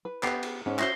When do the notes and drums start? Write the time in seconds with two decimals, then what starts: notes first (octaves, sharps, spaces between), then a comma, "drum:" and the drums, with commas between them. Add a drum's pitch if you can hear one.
0.05 B4
0.23 B3 G4 C7, drum: clap
0.43 drum: cymbal
0.66 G#2 C#4
0.79 F#4 C5 E5 A#6 C7 G7, drum: clap